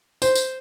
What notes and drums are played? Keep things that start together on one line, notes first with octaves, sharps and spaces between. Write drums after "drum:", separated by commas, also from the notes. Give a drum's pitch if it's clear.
C5, drum: tambourine
drum: tambourine